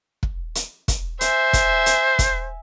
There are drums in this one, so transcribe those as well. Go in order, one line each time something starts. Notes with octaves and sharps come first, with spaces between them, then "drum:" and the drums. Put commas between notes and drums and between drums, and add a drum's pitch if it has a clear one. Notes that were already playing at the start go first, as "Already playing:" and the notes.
drum: kick
drum: hi-hat
drum: kick, hi-hat
C5 E5 G#5, drum: hi-hat
drum: kick, hi-hat
drum: hi-hat
drum: kick, hi-hat